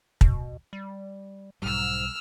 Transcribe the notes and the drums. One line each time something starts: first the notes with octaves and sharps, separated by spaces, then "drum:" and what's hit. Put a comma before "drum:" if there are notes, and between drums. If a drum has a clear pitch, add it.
B2, drum: kick
G3
B1 G#2 G3 E6 F6